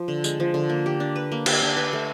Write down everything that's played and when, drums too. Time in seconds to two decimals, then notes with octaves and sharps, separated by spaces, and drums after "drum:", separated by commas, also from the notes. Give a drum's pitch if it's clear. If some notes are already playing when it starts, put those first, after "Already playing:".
Already playing: F3
0.08 D3
0.24 G#3, drum: tambourine
0.40 F3
0.54 D3
0.70 A#3
0.86 G4
1.00 D4
1.16 B4
1.32 A#3
1.46 G4, drum: cymbal
1.62 D4
1.77 B4
1.93 A3